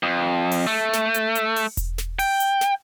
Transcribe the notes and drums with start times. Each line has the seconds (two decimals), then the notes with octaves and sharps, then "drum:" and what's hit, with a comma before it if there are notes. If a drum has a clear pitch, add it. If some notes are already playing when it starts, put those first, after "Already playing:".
0.03 F2
0.51 drum: open hi-hat
0.67 A3
0.93 drum: snare
1.14 drum: hi-hat
1.35 drum: hi-hat
1.56 drum: open hi-hat
1.77 drum: kick E1, hi-hat
1.98 drum: snare
2.19 G5, drum: open hi-hat
2.40 drum: hi-hat
2.61 drum: snare